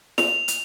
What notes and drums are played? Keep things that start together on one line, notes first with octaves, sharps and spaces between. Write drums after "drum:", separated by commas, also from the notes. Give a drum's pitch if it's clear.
F7, drum: snare
drum: hi-hat